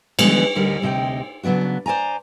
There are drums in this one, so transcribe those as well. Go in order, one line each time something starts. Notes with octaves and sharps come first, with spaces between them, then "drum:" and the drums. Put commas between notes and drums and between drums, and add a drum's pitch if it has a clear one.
D3 E3 F3 G3 G#3 B3, drum: cymbal
D2 D3 G3 A#4 D#5
D2 C3 D#5 G5
C#3 F#3 B3 D4 F#4
C5 D5 G#5 A#5